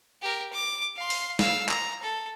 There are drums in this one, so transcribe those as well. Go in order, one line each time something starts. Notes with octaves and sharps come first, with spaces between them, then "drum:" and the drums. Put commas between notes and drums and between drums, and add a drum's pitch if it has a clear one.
G4 A#4
D6
F5 C6
drum: open hi-hat
F5 E6, drum: snare
A#5, drum: clap
A4